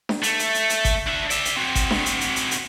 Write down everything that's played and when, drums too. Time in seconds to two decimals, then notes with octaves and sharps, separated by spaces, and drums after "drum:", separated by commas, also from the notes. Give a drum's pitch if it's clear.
0.09 drum: snare D4
0.23 A3, drum: hi-hat
0.39 drum: hi-hat
0.54 drum: hi-hat
0.70 drum: hi-hat
0.85 drum: kick G#1, hi-hat
1.07 D4 E5
1.30 D5 E5, drum: hi-hat
1.45 drum: hi-hat
1.56 C4 F#4
1.75 drum: kick G#1, hi-hat
1.91 drum: snare D4
2.06 drum: hi-hat
2.21 drum: hi-hat
2.36 drum: hi-hat
2.51 drum: hi-hat